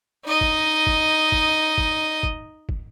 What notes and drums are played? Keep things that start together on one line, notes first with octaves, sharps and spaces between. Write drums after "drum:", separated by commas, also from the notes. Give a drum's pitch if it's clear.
D#4 D#5
drum: kick
drum: kick
drum: kick
drum: kick
drum: kick
drum: kick